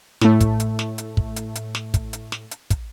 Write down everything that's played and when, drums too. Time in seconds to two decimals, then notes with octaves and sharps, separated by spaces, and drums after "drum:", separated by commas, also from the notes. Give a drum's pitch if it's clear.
0.21 A2 A3, drum: snare
0.41 drum: kick, hi-hat
0.60 drum: hi-hat
0.79 drum: snare
0.98 drum: hi-hat
1.17 drum: kick
1.36 drum: hi-hat
1.55 drum: hi-hat
1.75 drum: snare
1.94 drum: kick, hi-hat
2.13 drum: hi-hat
2.32 drum: snare
2.51 drum: hi-hat
2.70 drum: kick, hi-hat